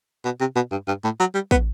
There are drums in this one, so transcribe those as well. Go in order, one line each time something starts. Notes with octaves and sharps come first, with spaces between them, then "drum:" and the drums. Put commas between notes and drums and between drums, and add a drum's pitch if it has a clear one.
B2
C3
B2
G2
G2
A2
F#3
G3
B3, drum: kick